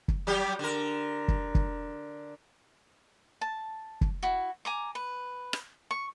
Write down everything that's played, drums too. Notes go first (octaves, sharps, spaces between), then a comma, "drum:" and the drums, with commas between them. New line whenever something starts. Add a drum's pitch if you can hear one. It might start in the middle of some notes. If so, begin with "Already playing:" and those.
drum: kick
F#3 G3 G4
D3 A#4
drum: kick
drum: kick
A5
drum: kick
E4 F#4
G#5 A#5 D6
B4
drum: rim click
C#6